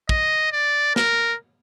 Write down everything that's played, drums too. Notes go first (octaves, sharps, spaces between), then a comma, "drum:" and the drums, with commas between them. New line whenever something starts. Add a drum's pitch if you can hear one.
D#5, drum: kick
D5
A#4, drum: snare